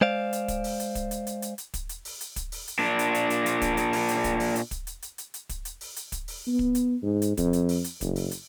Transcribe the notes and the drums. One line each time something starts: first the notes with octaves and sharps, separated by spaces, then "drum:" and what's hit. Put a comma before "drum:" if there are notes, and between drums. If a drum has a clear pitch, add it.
G#3 C5 D5 F5
drum: hi-hat
drum: kick, hi-hat
drum: open hi-hat
drum: hi-hat
drum: kick, hi-hat
drum: hi-hat
drum: hi-hat
drum: hi-hat
drum: hi-hat
drum: kick, hi-hat
drum: hi-hat
drum: open hi-hat
drum: hi-hat
drum: kick, hi-hat
drum: open hi-hat
drum: hi-hat
A#2 D4
drum: hi-hat
drum: hi-hat
drum: hi-hat
drum: hi-hat
drum: kick, hi-hat
drum: hi-hat
drum: open hi-hat
drum: hi-hat
drum: kick, hi-hat
drum: open hi-hat
drum: hi-hat
drum: kick, hi-hat
drum: hi-hat
drum: hi-hat
drum: hi-hat
drum: hi-hat
drum: kick, hi-hat
drum: hi-hat
drum: open hi-hat
drum: hi-hat
drum: kick, hi-hat
drum: open hi-hat
B3
drum: kick
drum: hi-hat
G#2
drum: hi-hat
F2, drum: kick, hi-hat
drum: hi-hat
drum: open hi-hat
drum: hi-hat
F#1, drum: kick, hi-hat
drum: open hi-hat
drum: hi-hat